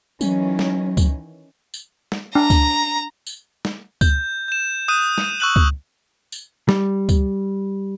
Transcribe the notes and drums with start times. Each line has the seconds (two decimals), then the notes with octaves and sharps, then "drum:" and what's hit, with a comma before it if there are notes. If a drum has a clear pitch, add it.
0.21 D#3 E3 F#3 C#4, drum: tambourine
0.59 drum: snare
0.97 drum: kick C#2, tambourine
1.74 drum: tambourine
2.12 drum: snare
2.35 D4 A#5
2.50 drum: kick C#2, tambourine
3.27 drum: tambourine
3.65 drum: snare
4.01 G6, drum: kick C#2, tambourine
4.48 G6 E7
4.88 D#6 F#6 G6 D#7 E7
5.18 drum: snare
5.40 C#6 E6 F#6 D#7 F#7
5.56 drum: kick C#2
6.32 drum: tambourine
6.69 G3, drum: snare
7.09 drum: kick C#2, tambourine